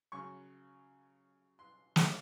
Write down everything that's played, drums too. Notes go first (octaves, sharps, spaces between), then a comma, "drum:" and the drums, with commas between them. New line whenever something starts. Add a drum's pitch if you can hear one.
C#3 F#3 C#4 C#6
C6
G#5, drum: snare